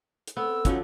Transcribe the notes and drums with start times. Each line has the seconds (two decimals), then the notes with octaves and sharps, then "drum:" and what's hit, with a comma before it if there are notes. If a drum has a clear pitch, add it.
0.27 drum: hi-hat
0.37 B3 C4 A4 E6
0.65 D3 F3 C4 C#4 D#4 F#4, drum: kick, hi-hat